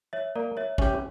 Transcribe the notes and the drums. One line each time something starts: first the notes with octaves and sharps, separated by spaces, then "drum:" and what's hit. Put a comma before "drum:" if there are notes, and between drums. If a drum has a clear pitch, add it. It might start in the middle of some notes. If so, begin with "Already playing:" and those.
C#5 E5
A#3 A#4 D5
C#5 E5
C#4 G4 C#5 E5, drum: kick